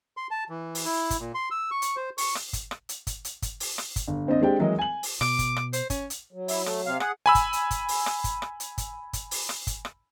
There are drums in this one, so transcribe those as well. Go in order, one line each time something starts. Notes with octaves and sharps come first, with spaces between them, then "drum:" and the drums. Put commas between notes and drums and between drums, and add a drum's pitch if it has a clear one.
C6
A5
E3
drum: open hi-hat
E4
drum: kick, hi-hat
A#2
C6
E6
C#6
drum: hi-hat
C5
C#6, drum: open hi-hat
drum: rim click
drum: kick, hi-hat
drum: rim click
drum: hi-hat
drum: kick, hi-hat
drum: hi-hat
drum: kick, hi-hat
drum: open hi-hat
drum: rim click
drum: kick, hi-hat
G1
G#1 C4 D4 D#5
G#3 C4 D4 G4 G5
E3 F#3 G#3 G#4 A#4 D#5
G#5 F#7
drum: open hi-hat
B2 D6, drum: rim click
drum: kick, hi-hat
drum: rim click
C5, drum: hi-hat
C#4, drum: kick, hi-hat
drum: hi-hat
F#3
E4, drum: open hi-hat
A3, drum: rim click
C3 F5
G#4 F#5, drum: rim click
G#5 B5 E6
drum: kick, hi-hat
drum: hi-hat
drum: kick, hi-hat
drum: open hi-hat
drum: rim click
drum: kick, hi-hat
drum: rim click
drum: hi-hat
drum: kick, hi-hat
drum: kick, hi-hat
drum: open hi-hat
drum: rim click
drum: kick, hi-hat
drum: rim click